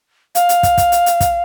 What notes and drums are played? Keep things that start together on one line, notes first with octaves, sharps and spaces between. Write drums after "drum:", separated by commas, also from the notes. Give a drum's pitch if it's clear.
F5, drum: hi-hat
drum: hi-hat
drum: kick, hi-hat
drum: kick, hi-hat
drum: hi-hat
drum: hi-hat
drum: kick, hi-hat